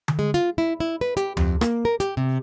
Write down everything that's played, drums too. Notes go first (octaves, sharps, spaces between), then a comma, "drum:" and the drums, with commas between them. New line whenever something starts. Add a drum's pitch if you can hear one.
drum: tom D3
G#3
F4
E4
E4
B4
G4, drum: hi-hat
F2, drum: tom D2
A#3, drum: rim click
A#4
G4, drum: hi-hat
C3